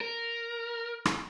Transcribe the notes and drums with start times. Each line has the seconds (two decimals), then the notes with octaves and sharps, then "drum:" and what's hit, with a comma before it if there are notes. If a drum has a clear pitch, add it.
0.01 A#4
1.05 drum: rim click